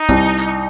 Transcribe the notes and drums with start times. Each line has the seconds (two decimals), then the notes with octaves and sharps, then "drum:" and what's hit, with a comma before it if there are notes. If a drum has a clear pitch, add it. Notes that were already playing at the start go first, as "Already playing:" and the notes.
Already playing: D#4
0.09 C2, drum: kick, hi-hat
0.40 drum: clap